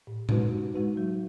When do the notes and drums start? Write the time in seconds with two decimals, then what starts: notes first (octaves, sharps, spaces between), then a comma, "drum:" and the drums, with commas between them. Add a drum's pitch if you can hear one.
0.07 A2
0.29 G#3 D#4 F#4 B4, drum: tom A2
0.52 A2
0.75 G#3 D#4 F#4 B4
0.97 F#3